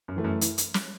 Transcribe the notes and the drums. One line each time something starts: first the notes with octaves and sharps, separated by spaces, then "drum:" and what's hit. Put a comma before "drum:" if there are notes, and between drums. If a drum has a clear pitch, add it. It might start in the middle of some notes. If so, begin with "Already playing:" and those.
F#2
E3 A3
F#2
E3, drum: hi-hat
drum: hi-hat
drum: snare